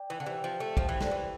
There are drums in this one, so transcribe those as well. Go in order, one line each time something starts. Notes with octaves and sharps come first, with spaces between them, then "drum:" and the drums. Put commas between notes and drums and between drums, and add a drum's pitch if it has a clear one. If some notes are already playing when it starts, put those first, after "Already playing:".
Already playing: D5 G5
E3
D3
E3 G4 C5 G5
F3
A3
F3 G4 C5 G5, drum: kick
E3
D3, drum: snare
E3